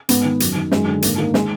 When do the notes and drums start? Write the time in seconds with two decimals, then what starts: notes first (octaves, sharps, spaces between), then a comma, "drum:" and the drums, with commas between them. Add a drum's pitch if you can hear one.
0.09 G#2 B3, drum: hi-hat
0.25 D#3
0.40 F#2, drum: hi-hat
0.56 D#3
0.72 F#2 G#3, drum: snare
0.87 D3
1.02 G#2 A#3, drum: hi-hat
1.18 D#3 A#3
1.34 G#3, drum: snare